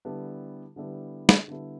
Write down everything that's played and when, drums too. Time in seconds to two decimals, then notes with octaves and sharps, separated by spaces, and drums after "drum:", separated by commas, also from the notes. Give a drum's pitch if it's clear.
0.05 D3 G3 B3 E4 A4
0.76 D3 G3 B3 E4 A4
1.29 drum: snare
1.48 D3 G3 B3 E4 A4